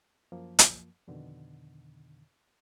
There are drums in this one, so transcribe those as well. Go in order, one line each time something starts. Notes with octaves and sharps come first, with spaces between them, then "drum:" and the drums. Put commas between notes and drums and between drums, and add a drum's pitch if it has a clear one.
F#2 F3 A#3
drum: hi-hat
F2 B2 D3 D#3